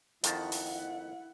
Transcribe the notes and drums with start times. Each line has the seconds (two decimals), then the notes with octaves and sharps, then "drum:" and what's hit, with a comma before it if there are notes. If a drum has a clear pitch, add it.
0.24 F2 D#3 E4 F#5 A5, drum: hi-hat
0.52 drum: open hi-hat